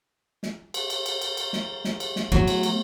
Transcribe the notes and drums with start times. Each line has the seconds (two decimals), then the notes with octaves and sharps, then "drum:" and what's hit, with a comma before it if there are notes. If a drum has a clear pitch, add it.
0.43 drum: snare
0.74 drum: cymbal
0.90 drum: cymbal
1.06 drum: cymbal
1.22 drum: cymbal
1.37 drum: cymbal
1.53 drum: snare
1.85 drum: snare
2.00 drum: cymbal
2.16 drum: snare
2.32 F#3 A3 B3
2.47 drum: cymbal
2.63 drum: cymbal